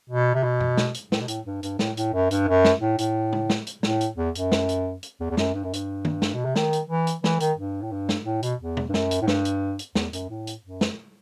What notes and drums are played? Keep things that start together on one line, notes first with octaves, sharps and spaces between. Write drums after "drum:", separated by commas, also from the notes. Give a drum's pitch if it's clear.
B2
C3
B2
drum: tom F#2
drum: snare
drum: hi-hat
A2, drum: snare
B2
A2, drum: hi-hat
G2
G2, drum: hi-hat
A2, drum: snare
A2, drum: hi-hat
F#2
G2, drum: hi-hat
F#2
drum: snare
A2
A2, drum: hi-hat
drum: tom
drum: snare
drum: hi-hat
A2, drum: snare
drum: hi-hat
E2
F#2, drum: hi-hat
drum: snare
drum: hi-hat
drum: hi-hat
E2
E2
F#2, drum: snare
G2
F#2
G2, drum: hi-hat
drum: tom
drum: snare
B2
C3
D#3, drum: snare
drum: hi-hat
E3
drum: hi-hat
E3, drum: snare
D#3, drum: hi-hat
G2
A2
G2
drum: snare
A2
B2, drum: hi-hat
E2
drum: tom
G2
F#2, drum: snare
drum: hi-hat
A2
G2, drum: snare
drum: hi-hat
drum: hi-hat
E2, drum: snare
F#2, drum: hi-hat
A2
drum: hi-hat
F#2
drum: snare